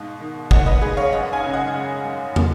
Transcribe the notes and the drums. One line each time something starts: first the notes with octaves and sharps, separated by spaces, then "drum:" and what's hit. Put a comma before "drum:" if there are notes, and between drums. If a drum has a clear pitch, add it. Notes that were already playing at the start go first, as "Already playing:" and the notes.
Already playing: G#2 B2 F5
D#3
A#3 D#5 F#5, drum: kick
B4 D#5
G#2 G#4 B4
C#5 F5
F#2 D#5 F#5
F5 G#5
C#3
D#5 F#5
G#3
F#2
B2, drum: tom